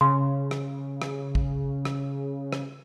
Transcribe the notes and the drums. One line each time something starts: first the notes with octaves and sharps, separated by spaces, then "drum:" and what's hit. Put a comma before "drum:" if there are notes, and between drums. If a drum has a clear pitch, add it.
C#3 C6
drum: rim click
drum: rim click
drum: kick
drum: rim click
drum: rim click